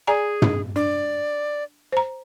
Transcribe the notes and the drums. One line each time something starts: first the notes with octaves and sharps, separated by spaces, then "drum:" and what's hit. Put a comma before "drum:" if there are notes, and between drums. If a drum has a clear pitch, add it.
G#4 D5 G#5 A#5
drum: tom
D4 D5
C5 A#5